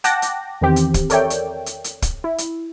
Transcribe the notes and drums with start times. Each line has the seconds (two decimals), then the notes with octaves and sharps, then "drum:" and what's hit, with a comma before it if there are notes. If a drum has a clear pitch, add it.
0.04 F#5 G5 A5 D6 F#6 A#6, drum: hi-hat
0.22 drum: hi-hat
0.61 E2 D#3 E3 C4 G4
0.76 drum: hi-hat
0.94 drum: kick, hi-hat
1.10 A4 A#4 C#5 D5 E5 G5, drum: hi-hat
1.30 drum: hi-hat
1.66 drum: hi-hat
1.84 drum: hi-hat
2.02 drum: kick, hi-hat
2.24 E4
2.38 drum: hi-hat